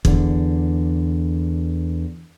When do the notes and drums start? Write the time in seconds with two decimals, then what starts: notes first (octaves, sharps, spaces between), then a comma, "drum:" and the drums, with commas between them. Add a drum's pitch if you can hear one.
0.05 E2 D3, drum: kick